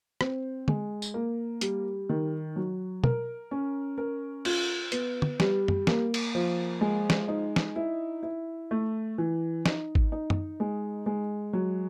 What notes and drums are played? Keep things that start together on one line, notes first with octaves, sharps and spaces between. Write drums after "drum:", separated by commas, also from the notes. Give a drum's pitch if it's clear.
C4, drum: rim click
G#3, drum: tom
drum: tambourine
A#3
G3, drum: hi-hat
D#3
F#3
A#4, drum: tom
C#4
A#4
F4, drum: cymbal
B3, drum: hi-hat
drum: tom
G3, drum: snare
drum: tom F#2
A#3, drum: snare
drum: cymbal
F3
G#3
drum: snare
D#4
drum: snare
E4
E4
A3
E3
D#4, drum: snare
drum: kick G#1
D#4
drum: tom F#2
G#3
G#3
F#3